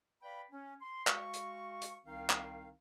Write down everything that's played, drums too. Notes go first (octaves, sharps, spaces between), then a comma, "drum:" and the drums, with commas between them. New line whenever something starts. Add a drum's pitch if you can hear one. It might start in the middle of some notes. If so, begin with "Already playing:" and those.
B4 D5 F5 G5 B5
C#4
C6
G#3 F#4 F5 C#6, drum: clap
drum: hi-hat
drum: hi-hat
C2 D#3 C4 D#4 F5
drum: clap